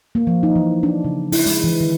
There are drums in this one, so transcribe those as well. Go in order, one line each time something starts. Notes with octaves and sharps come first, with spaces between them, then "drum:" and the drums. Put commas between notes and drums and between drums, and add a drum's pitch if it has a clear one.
A#3
F3
D#4
E3
D4
C#3
E4, drum: open hi-hat
G#3, drum: hi-hat
E3
D#3